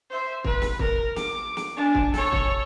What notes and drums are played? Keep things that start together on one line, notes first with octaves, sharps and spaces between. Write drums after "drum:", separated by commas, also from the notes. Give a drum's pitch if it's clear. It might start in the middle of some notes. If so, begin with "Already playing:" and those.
C5 E5
B4, drum: kick
drum: snare
A#4, drum: kick
D6, drum: snare
drum: snare
D4 G#5
drum: kick
A4 C#5, drum: snare
drum: kick